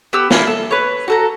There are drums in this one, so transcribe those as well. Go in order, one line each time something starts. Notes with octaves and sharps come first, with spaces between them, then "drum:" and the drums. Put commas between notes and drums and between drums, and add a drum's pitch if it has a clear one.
B3 G4 E6
A#3 D4 E4, drum: snare
A4
B4 C#5
F#4 A4 A#5